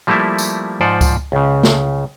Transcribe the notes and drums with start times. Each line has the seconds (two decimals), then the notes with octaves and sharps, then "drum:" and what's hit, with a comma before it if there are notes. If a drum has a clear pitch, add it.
0.07 F3 G3 A3 A#3 E4
0.38 drum: tambourine
0.81 G#2 F3 C5 D5 F#5
1.01 drum: kick C#2, tambourine
1.32 C#2 C#3
1.63 drum: snare